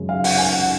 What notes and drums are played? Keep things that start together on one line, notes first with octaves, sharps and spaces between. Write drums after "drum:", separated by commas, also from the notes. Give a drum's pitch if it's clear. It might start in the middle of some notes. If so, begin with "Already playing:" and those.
Already playing: F#2 C#3 G#3
F5
F#5, drum: open hi-hat
G#5
F#5